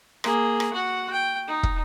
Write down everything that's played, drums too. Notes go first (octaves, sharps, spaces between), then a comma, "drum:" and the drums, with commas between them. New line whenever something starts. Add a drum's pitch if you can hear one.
A#3 G#4, drum: rim click
drum: rim click
F#4 F#5
G5
D#4
drum: kick